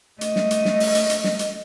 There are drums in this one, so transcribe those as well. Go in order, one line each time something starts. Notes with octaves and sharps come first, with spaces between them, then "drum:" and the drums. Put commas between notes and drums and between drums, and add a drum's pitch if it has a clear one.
A3 D#5, drum: hi-hat
drum: snare
drum: hi-hat
drum: snare
drum: open hi-hat
drum: hi-hat
drum: hi-hat
drum: snare
drum: hi-hat